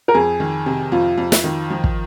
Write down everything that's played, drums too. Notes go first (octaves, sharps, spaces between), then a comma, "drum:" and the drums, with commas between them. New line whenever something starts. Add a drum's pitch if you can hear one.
A#4
F2 G#4
D#3
C3
F2 F4
F2
drum: snare
D#3
F3
drum: kick